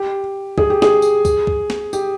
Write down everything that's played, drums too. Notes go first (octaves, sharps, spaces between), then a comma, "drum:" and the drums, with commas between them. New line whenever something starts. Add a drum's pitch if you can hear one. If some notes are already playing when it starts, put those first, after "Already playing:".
Already playing: G4
G#4, drum: kick
G4
G#4, drum: snare
drum: tambourine
drum: kick, tambourine
drum: kick
drum: snare
G4, drum: tambourine